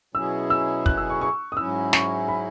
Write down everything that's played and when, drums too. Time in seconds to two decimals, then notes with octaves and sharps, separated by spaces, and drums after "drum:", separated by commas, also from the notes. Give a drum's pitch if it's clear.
0.14 B2 F#3 C#4 E4 G#4 E6
0.50 E6
0.86 F#6, drum: kick
0.97 E6
1.10 C#6
1.21 C#6
1.52 D#6
1.57 G#2 F#3 C#4 E4 E6
1.93 C#6, drum: snare
2.28 B5